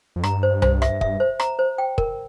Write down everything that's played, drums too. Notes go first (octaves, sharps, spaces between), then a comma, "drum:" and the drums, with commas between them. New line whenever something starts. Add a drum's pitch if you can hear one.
F2
G2 A#5, drum: rim click
C5
C5, drum: tom C2
E5, drum: rim click
E5, drum: kick
C5
A#5, drum: rim click
C5
G5
A#4, drum: kick